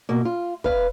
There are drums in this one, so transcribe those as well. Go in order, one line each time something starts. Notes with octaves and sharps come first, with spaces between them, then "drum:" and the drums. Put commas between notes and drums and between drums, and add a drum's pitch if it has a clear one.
B2 A#3
F4
B4 F5, drum: kick